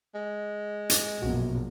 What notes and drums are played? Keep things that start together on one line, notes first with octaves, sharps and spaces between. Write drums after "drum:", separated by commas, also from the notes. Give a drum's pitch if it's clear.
G#3
drum: hi-hat
A#1 F#2 B2 F#4